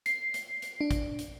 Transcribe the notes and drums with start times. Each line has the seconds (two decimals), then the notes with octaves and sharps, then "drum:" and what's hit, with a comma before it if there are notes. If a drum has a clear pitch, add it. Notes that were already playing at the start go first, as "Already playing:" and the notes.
0.06 C7, drum: hi-hat
0.34 drum: hi-hat
0.62 drum: hi-hat
0.81 D4
0.91 drum: kick, hi-hat
1.19 drum: hi-hat